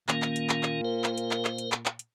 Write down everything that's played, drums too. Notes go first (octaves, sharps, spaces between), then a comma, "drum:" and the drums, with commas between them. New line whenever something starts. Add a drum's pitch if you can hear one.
A#2 D#3 A#3 C#4, drum: clap
drum: clap
drum: hi-hat
drum: clap
drum: clap
A#4 C5
drum: clap
drum: hi-hat
drum: clap
drum: clap
drum: hi-hat
drum: clap
drum: clap
drum: hi-hat